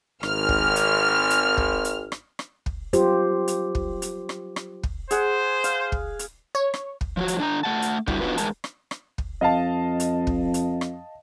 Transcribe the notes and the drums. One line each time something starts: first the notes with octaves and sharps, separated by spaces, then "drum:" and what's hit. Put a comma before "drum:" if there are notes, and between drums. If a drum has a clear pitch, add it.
G#1 F6, drum: rim click
drum: kick
drum: hi-hat
drum: hi-hat
drum: kick
drum: hi-hat
drum: rim click
drum: rim click
drum: kick
F#3 F4 G4 C5, drum: hi-hat
drum: hi-hat
drum: kick
drum: hi-hat
drum: rim click
drum: rim click
drum: kick
G#4 C5 F#5, drum: hi-hat
F5, drum: hi-hat
drum: kick
drum: hi-hat
C#5
drum: rim click
drum: kick
F3 F#3 F#4
drum: hi-hat
D3 D4 A5 A#5
A3 F#5 A5
drum: hi-hat
D3 G3 E4 F#4, drum: kick
B3 D4 D#4 F4 F#4 B4
E2 G#2 G#3 A#4 A5, drum: hi-hat
drum: rim click
drum: rim click
drum: kick
F2 D#5 F5 A5
drum: hi-hat
drum: kick
drum: hi-hat
drum: rim click